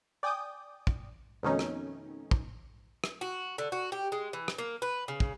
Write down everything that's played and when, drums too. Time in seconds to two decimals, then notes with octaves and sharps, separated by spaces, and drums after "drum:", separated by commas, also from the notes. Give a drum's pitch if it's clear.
0.23 D5 G5 G#5 D6 D#6 G6
0.87 drum: kick
1.43 F2 B2 D#3 A3 C#4 D#4
1.59 drum: rim click
2.31 drum: kick
3.04 drum: rim click
3.21 F#4
3.58 D3
3.72 F#4
3.92 G4
4.12 G#3
4.33 E3
4.48 drum: rim click
4.58 A#3
4.82 B4
5.08 C#3
5.20 drum: kick